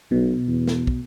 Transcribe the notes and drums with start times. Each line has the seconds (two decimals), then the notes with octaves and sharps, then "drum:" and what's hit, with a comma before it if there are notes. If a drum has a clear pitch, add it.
0.12 B1 B2
0.48 E2
0.67 drum: snare
0.87 drum: kick